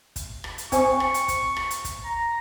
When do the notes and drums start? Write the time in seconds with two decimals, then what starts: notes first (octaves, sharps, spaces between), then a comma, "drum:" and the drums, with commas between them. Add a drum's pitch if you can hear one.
0.16 drum: kick, hi-hat
0.44 drum: rim click
0.58 drum: hi-hat
0.72 C4 C5 G#5 C#6, drum: kick, hi-hat
1.00 drum: rim click
1.14 drum: hi-hat
1.28 drum: kick, hi-hat
1.56 drum: rim click
1.71 drum: hi-hat
1.85 drum: kick, hi-hat
2.05 A#5